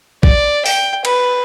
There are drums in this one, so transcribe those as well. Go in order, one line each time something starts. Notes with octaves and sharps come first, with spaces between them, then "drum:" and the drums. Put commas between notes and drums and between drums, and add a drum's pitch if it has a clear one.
D5, drum: kick
G5, drum: open hi-hat
B4, drum: cymbal